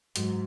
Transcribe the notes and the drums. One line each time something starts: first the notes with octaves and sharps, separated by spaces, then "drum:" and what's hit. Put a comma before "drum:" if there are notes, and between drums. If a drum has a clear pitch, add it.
G#2 F#3, drum: hi-hat